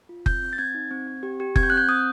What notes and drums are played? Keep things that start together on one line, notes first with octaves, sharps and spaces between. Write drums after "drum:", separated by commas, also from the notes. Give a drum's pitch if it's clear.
F4
C4 G6, drum: kick F#1
C4
A6
C4 G#6
D#4
C4
C4
G4
G4
C4 G#6, drum: kick F#1
G6
C4 F#6
G6
C4 D#6